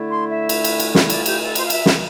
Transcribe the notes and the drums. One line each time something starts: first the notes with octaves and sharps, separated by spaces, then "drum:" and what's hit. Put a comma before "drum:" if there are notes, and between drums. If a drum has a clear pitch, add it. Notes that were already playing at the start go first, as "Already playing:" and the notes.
Already playing: D3 A3 E4
C6
E5
drum: cymbal
drum: cymbal
drum: cymbal
drum: snare
D5, drum: cymbal
G4, drum: cymbal
A4
C5, drum: cymbal
F5
E5, drum: cymbal
drum: snare